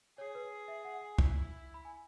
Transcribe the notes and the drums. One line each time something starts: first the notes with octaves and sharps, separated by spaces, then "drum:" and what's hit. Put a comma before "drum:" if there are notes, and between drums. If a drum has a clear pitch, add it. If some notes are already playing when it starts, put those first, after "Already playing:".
G#4 C#5
B4
E5
F#5
G#5
E4, drum: kick
B5
G#5